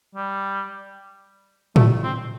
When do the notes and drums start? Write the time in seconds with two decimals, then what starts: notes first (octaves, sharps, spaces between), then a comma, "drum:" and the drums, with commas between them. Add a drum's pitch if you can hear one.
0.15 G3
1.76 A3, drum: tom A2
2.03 C4